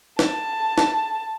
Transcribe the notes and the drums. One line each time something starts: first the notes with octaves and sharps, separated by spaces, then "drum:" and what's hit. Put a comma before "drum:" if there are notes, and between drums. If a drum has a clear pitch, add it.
A5, drum: snare
drum: snare